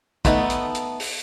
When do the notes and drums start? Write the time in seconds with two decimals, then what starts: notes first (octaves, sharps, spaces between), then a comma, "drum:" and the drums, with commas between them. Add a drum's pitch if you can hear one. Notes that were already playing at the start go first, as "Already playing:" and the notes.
0.25 A3 B3 D#4 A4, drum: kick, hi-hat
0.50 drum: hi-hat
0.75 drum: hi-hat
1.00 drum: open hi-hat